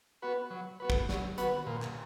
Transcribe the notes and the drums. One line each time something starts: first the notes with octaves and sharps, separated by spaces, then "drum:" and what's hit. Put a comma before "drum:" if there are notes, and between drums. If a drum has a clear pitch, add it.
B3 F#4 B4
F#3
B3 F#4 B4
drum: kick
F#3, drum: snare
B3 F#4 B4, drum: hi-hat
A#2
drum: clap